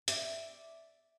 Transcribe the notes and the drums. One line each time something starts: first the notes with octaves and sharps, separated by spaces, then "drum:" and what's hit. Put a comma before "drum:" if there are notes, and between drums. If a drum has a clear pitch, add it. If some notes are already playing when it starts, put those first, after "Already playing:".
D5 E5, drum: hi-hat